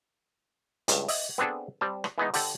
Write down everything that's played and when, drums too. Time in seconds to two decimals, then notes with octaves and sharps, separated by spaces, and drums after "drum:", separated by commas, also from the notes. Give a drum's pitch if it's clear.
0.88 C#2 G2, drum: hi-hat
1.08 D#5 E5, drum: open hi-hat
1.38 B3 C4 D4 G#4 A4
1.81 G3 C4 A5
2.04 drum: rim click
2.18 E3 G#3 B3 D#4
2.34 D3 G4 A4 A5, drum: open hi-hat